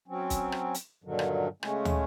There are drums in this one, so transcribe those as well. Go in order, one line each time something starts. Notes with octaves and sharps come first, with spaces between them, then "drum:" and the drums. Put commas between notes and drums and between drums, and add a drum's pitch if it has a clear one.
F#3 C4 C#4
drum: kick, hi-hat
drum: rim click
drum: hi-hat
G2 A#2 D3 D#3 F#3
drum: rim click
C#3 G#3 A3 C#4, drum: rim click
drum: tom